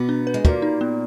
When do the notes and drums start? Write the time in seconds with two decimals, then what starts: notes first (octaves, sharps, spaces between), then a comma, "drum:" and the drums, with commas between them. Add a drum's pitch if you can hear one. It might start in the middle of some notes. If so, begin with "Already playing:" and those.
Already playing: B2 B3 F#4
0.09 D4
0.27 B4
0.34 G#3
0.45 A#2 A#3 F#4, drum: kick
0.62 D#4
0.81 B3